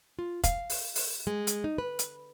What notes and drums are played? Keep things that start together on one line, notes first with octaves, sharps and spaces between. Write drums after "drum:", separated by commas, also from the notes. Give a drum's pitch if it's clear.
F4
F5, drum: kick, hi-hat
drum: open hi-hat
drum: open hi-hat
G#3
drum: hi-hat
D#4
B4
drum: hi-hat